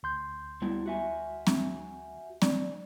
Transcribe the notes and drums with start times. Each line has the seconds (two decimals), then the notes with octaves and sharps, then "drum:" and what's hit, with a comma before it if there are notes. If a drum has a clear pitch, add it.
0.03 D2 C6 G6
0.62 G3 B3 E4
0.86 F#4 E5 G#5
1.47 drum: snare C4
2.42 D5, drum: snare C4